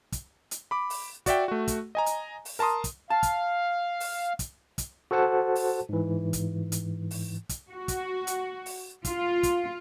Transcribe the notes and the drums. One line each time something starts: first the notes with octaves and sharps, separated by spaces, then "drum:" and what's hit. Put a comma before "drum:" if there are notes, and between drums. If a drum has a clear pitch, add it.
drum: kick, hi-hat
drum: hi-hat
B5 D6
drum: open hi-hat
F#4 D5 E5 G5, drum: kick, hi-hat
A3 F#4
drum: kick, hi-hat
D#5 G#5 A#5
drum: hi-hat
drum: open hi-hat
A#4 A5 A#5 C6 D#6
drum: kick, hi-hat
F5 A5
drum: kick, hi-hat
drum: open hi-hat
drum: kick, hi-hat
drum: kick, hi-hat
F#4 A4 C5 F#5 A5
drum: open hi-hat
G#2 E3
drum: kick, hi-hat
drum: hi-hat
drum: open hi-hat
drum: kick, hi-hat
F#4
drum: kick, hi-hat
drum: hi-hat
drum: open hi-hat
F4, drum: kick, hi-hat
drum: kick, hi-hat